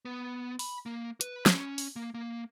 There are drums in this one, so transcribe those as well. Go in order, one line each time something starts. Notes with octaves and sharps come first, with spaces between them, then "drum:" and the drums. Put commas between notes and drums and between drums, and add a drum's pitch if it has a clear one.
B3
B5, drum: open hi-hat
A#3
B4, drum: hi-hat
C#4, drum: snare
drum: open hi-hat
A#3
A#3